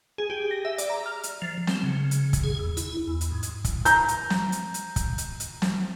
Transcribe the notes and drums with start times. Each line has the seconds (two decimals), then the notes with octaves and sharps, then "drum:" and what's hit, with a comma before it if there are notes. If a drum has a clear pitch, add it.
0.18 G#4
0.30 G4
0.51 A#6
0.65 E5
0.78 D5, drum: hi-hat
0.90 A#5
1.06 F6
1.23 drum: hi-hat
1.42 F3
1.67 C4, drum: snare
1.83 C#3
2.11 drum: hi-hat
2.33 drum: kick, hi-hat
2.44 G#4
2.59 E2
2.77 E4, drum: hi-hat
3.07 E2
3.21 drum: hi-hat
3.32 G#2
3.43 drum: hi-hat
3.65 drum: kick, hi-hat
3.85 A#5 G6, drum: hi-hat
4.08 drum: hi-hat
4.30 drum: snare
4.52 drum: hi-hat
4.74 drum: hi-hat
4.96 drum: kick, hi-hat
5.18 drum: hi-hat
5.40 drum: hi-hat
5.62 drum: snare